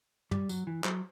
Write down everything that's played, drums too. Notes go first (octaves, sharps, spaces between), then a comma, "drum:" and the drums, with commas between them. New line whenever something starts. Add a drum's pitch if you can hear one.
G3, drum: tom
F#3, drum: tambourine
E3
F#3, drum: clap